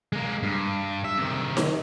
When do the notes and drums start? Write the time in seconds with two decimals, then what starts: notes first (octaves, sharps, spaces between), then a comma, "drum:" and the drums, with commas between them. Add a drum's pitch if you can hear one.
0.13 G#3 A#3
0.43 G2
1.04 E5
1.18 C3 D#3
1.57 drum: snare D#4